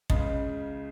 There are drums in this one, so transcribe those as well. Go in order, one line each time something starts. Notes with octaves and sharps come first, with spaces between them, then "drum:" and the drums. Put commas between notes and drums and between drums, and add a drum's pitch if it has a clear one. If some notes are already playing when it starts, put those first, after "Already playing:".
C#2 C#3 G#3 D#5, drum: kick